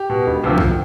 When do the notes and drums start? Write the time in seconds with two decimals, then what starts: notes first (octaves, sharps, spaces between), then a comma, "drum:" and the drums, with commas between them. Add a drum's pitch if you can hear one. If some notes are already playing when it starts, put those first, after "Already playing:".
Already playing: G4
0.10 B2
0.27 E1
0.44 D2 C3 F3
0.58 drum: kick